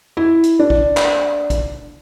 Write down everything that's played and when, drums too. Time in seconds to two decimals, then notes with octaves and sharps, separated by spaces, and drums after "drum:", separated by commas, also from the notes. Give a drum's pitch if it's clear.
0.17 E4
0.44 drum: hi-hat
0.59 D4
0.70 drum: kick
0.97 drum: clap
1.50 drum: kick, hi-hat